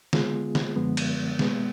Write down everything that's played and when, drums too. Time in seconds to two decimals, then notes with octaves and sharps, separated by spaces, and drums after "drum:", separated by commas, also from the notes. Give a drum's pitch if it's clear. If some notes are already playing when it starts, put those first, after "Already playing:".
0.13 D3 G#3 B3 F4 G#4, drum: snare
0.55 drum: snare
0.76 F#2 D3 F3 G#3 B3
0.97 drum: cymbal
1.39 B2 G#3 B3, drum: snare